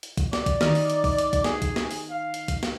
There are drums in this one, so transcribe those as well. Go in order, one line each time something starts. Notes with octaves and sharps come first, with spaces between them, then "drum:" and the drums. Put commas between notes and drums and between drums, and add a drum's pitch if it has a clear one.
drum: hi-hat
drum: kick, hi-hat
D5, drum: snare
drum: kick, hi-hat
D#3 D#4 F6, drum: snare
drum: open hi-hat
drum: hi-hat
drum: kick, open hi-hat
drum: hi-hat
drum: kick, hi-hat
G#4, drum: snare
drum: kick, hi-hat
drum: snare
drum: open hi-hat
F5
drum: hi-hat
drum: kick, hi-hat
drum: snare